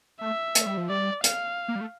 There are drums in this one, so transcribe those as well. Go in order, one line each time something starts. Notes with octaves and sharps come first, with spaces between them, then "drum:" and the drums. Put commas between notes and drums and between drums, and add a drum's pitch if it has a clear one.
A3 E5
A3, drum: hi-hat
G3
F3
G3 D5
F5, drum: hi-hat
A#3
G3
A3